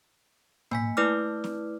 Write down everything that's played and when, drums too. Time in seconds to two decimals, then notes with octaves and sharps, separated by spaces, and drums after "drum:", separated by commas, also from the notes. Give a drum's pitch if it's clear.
0.71 A#3 G#5 B6, drum: tom A2
0.97 A3 E4 B4 D5 D6 F6
1.44 drum: snare C4